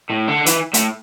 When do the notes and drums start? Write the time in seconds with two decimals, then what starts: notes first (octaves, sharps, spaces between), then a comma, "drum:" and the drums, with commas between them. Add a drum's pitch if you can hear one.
0.10 A2
0.28 D3
0.46 E3, drum: hi-hat
0.74 A2, drum: hi-hat